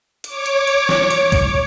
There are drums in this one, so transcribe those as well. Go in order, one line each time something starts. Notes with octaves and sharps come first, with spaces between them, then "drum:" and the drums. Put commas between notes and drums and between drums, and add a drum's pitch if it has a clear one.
C#5 D6, drum: hi-hat
drum: hi-hat
drum: hi-hat
drum: snare
drum: hi-hat
drum: kick, hi-hat